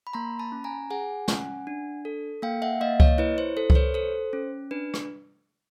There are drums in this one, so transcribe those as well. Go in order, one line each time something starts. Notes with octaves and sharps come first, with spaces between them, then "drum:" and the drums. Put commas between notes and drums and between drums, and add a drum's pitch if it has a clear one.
B5
A#3 A#5 C6
A5 B5
C#4
G#5 A#5
G#4 F#5 G#5
C#4, drum: snare
D4
A4
A#3 F5 G5
E5 F#5
A#3 D#5 F5
C#5 D#5, drum: kick C#2
E4 B4 C#5
C5
A4 C5
C5, drum: kick C#2
B4 C#5
A4 C5
C#4
D4 B4
drum: rim click